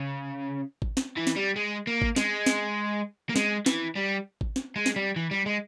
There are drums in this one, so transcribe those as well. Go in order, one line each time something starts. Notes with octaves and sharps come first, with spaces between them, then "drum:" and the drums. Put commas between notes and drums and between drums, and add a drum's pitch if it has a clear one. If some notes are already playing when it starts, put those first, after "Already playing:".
Already playing: C#3
drum: kick G#1
drum: snare
E3
drum: snare
G3
G#3
A#3
drum: kick G#1
G#3, drum: snare
drum: snare
A#3
G#3, drum: snare
E3, drum: snare
G3
drum: kick G#1
drum: snare
G#3
drum: snare
G3
E3
G3
G#3